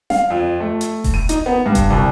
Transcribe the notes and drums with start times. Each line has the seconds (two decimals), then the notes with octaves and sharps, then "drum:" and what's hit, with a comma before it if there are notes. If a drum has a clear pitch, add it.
0.10 F5, drum: snare
0.30 F2
0.60 A3
0.81 drum: hi-hat
1.04 drum: kick E1, open hi-hat
1.14 D#7
1.29 D#4, drum: hi-hat
1.46 B3
1.66 G2
1.75 drum: kick E1, hi-hat
1.90 C2